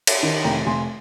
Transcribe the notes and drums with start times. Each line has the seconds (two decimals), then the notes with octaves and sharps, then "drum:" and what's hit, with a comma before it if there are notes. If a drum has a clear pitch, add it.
0.07 drum: cymbal
0.23 D#3
0.44 F1 G5 A#5
0.66 F1 G#5 C6